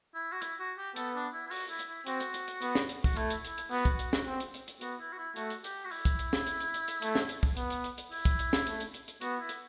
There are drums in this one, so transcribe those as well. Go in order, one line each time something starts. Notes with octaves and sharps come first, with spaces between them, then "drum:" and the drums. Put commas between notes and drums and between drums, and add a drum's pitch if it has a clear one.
E4
F#4
E4, drum: hi-hat
F#4
G4
B3 A4, drum: hi-hat
D4
E4
E4
F#4, drum: open hi-hat
E4
drum: hi-hat
E4
C4 F#4, drum: hi-hat
drum: hi-hat
drum: hi-hat
drum: hi-hat
B3, drum: hi-hat
drum: snare
drum: hi-hat
F#4, drum: kick, open hi-hat
A3 E4, drum: hi-hat
drum: hi-hat
E4, drum: hi-hat
drum: hi-hat
B3 F#4, drum: open hi-hat
drum: kick, hi-hat
drum: hi-hat
drum: snare
C4
drum: hi-hat
drum: hi-hat
drum: hi-hat
B3 F#4, drum: hi-hat
E4
F#4
E4
A3 F#4, drum: hi-hat
drum: hi-hat
G4, drum: hi-hat
F#4
E4, drum: open hi-hat
drum: kick, hi-hat
drum: hi-hat
drum: snare
drum: hi-hat
drum: hi-hat
drum: hi-hat
drum: hi-hat
A3, drum: hi-hat
drum: snare
drum: hi-hat
drum: kick, open hi-hat
B3, drum: hi-hat
drum: hi-hat
drum: hi-hat
drum: hi-hat
E4, drum: open hi-hat
drum: kick, hi-hat
drum: hi-hat
drum: snare
A3, drum: hi-hat
drum: hi-hat
drum: hi-hat
drum: hi-hat
B3 F#4, drum: hi-hat
E4
drum: hi-hat